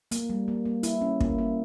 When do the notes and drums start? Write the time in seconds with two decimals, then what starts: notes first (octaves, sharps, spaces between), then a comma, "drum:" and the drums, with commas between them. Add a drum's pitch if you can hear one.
0.11 A#3, drum: hi-hat
0.30 G3
0.48 A#3
0.65 A#3
0.83 E4, drum: hi-hat
1.01 C#4
1.21 A#3, drum: kick
1.38 A#3